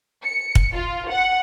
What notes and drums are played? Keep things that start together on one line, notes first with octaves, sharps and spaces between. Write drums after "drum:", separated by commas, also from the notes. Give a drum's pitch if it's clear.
C#7
drum: kick
F4
F#5